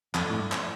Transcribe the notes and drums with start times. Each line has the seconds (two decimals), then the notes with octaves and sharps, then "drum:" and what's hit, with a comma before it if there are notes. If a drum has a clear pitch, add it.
0.15 F2 F3 A3 D4, drum: clap
0.30 A2
0.39 G2
0.52 drum: clap